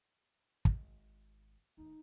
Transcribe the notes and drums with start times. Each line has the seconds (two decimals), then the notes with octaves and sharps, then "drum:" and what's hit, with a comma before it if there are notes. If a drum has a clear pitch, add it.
0.65 G#1, drum: kick
1.77 D1 D#2 D#4